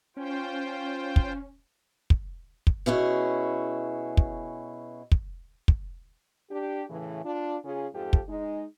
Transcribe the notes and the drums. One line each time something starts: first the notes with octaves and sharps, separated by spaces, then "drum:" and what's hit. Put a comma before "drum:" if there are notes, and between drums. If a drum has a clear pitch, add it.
C#4 F4 C5 G5
drum: kick
drum: kick
drum: kick
B2 C#4 E4 G#4
drum: kick
drum: kick
drum: kick
D4 G4
A2 C#3 E3
D4 F4
C#3 C#4 F4 G#4
F2 G#2 F3 G4 A4
drum: kick
G#3 D#4